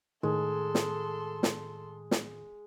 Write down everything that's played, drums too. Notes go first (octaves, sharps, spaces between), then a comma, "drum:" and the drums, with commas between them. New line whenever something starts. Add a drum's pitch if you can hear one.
A2 D#3 G#3 A4 C6
drum: snare
drum: snare
drum: snare